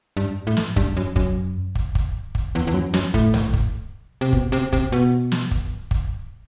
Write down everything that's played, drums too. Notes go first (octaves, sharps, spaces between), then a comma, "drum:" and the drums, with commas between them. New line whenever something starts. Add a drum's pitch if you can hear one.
G2
A2
drum: snare
G2, drum: kick
F#2
F#2, drum: kick
drum: kick
drum: kick
drum: kick
E2
E2
F#2
F#2, drum: snare
A2, drum: kick
drum: tom A#1
drum: kick
C3
B2, drum: kick
C3
C3, drum: kick
B2
drum: snare
drum: kick
drum: kick